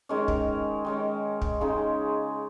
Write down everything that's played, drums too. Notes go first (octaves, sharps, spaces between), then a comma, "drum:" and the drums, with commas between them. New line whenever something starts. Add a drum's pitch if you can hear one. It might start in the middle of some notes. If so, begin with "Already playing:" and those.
D#3 G#3 C#4
drum: kick
D#3 G#3 C#4
drum: kick
C#3 G#3 D#4